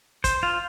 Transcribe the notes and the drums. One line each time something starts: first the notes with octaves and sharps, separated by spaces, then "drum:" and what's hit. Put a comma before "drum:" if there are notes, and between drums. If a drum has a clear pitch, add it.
C5, drum: kick, hi-hat
F4